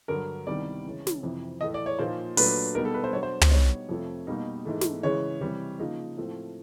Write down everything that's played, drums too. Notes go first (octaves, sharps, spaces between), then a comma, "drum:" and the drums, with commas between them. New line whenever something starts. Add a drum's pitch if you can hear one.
G2 D3 F#3 A#4
C2 C3 D#3 G3 B3 D5
C#3 E3 G#3 C#4
drum: snare
F2 C3 E3
A2 E3 A3 D#5
D5
C#5
A#2 F3 A#3 D#4 C5
A#2 F#3 A3 D4 B4, drum: open hi-hat
B2 G3 B3 D#4 A#4
A4
B4
C5
B2 F#3 B3 D4 C#5
C5
C5, drum: tom
B2 G3 B3 D#4 C#5
F2 C3 F3 A3
B2 G3 A#3 D#4
G#2 E3 A3
drum: snare
C#3 E3 G#3 C#5
C3 E3 G3
C#3 F3 A#3 D#4
A2 F3 A3 C4